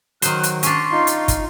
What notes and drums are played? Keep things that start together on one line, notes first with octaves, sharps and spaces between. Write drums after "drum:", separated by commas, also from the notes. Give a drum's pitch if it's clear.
D#3 F#3 C5 F6 F#6, drum: hi-hat
drum: hi-hat
C#4 D4 C6 C#6, drum: hi-hat
D#4 F4
drum: hi-hat
drum: kick, hi-hat